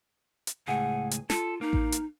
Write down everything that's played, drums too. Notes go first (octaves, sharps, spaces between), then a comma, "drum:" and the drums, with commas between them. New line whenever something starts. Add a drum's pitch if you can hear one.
drum: hi-hat
C#2 A2 G#4 F#5
drum: hi-hat
F4 A4, drum: snare
A#3 D#4
drum: kick A1
drum: hi-hat